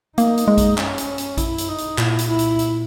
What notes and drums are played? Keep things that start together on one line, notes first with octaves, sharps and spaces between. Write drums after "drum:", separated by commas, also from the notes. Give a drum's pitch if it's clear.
A#3 D#4, drum: hi-hat
drum: hi-hat
G#3
drum: kick A#1, hi-hat
C#4, drum: clap
drum: hi-hat
drum: hi-hat
E4, drum: kick A#1, hi-hat
drum: hi-hat
D#4
drum: hi-hat
A#2 E4, drum: clap
drum: hi-hat
E4
drum: hi-hat
drum: hi-hat